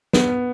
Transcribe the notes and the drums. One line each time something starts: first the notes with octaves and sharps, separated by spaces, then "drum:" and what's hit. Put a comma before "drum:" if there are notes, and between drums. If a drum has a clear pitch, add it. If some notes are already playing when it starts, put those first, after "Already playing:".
B3, drum: snare